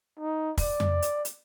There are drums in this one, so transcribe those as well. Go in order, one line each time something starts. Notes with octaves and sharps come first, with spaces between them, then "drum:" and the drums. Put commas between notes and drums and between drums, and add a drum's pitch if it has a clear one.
D#4
D5, drum: kick, open hi-hat
drum: tom F2
drum: hi-hat
drum: hi-hat